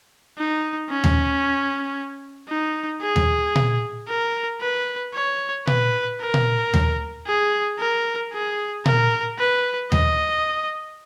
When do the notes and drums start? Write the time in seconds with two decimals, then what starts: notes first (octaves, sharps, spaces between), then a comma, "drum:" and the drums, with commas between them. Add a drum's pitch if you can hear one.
0.38 D#4
0.90 C#4
1.04 drum: tom D#2
2.49 D#4
3.02 G#4
3.16 drum: tom D#2
3.55 drum: tom A#2
4.08 A#4
4.61 B4
5.14 C#5
5.67 B4, drum: tom A#2
6.21 A#4
6.34 drum: tom A#2
6.74 drum: tom D#2
7.27 G#4
7.79 A#4
8.33 G#4
8.86 A#4, drum: tom A#2
9.39 B4
9.92 D#5, drum: tom D#2